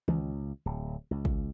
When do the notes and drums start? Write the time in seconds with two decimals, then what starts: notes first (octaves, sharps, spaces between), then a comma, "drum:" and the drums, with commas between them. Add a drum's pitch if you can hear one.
0.08 C#2, drum: tom D#3
0.66 D1
1.11 C#2
1.25 drum: kick